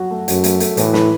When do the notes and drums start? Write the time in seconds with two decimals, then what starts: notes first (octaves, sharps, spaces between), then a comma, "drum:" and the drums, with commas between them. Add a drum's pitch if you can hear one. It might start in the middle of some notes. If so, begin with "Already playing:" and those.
Already playing: F#3 F#4
0.11 A3
0.28 F#2 F#3, drum: hi-hat
0.44 A3, drum: hi-hat
0.60 A3, drum: hi-hat
0.77 A2 E3, drum: hi-hat
0.94 B4, drum: snare